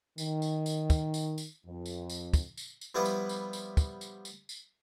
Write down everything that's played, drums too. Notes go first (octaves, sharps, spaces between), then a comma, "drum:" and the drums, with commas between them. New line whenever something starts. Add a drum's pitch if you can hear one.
D#3, drum: tambourine
drum: tambourine
drum: tambourine
drum: kick, tambourine
drum: tambourine
drum: tambourine
F2
drum: tambourine
drum: tambourine
drum: kick, tambourine
drum: tambourine
drum: tambourine
F3 G3 B3 E4 F4 B4
drum: tambourine
drum: tambourine
drum: tambourine
drum: kick, tambourine
drum: tambourine
drum: tambourine
drum: tambourine